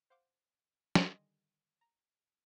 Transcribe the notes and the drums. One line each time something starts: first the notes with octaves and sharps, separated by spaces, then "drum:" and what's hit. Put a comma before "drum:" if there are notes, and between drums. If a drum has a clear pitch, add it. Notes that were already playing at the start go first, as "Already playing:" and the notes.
C5 F5 F#5 C6 D6
drum: snare
D3 D#3 G3 D#5 G#5 C6
A#5